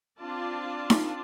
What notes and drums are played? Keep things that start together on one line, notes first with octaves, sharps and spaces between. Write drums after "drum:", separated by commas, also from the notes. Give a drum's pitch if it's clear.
C4 D4 F4 D5 A5
drum: snare D#4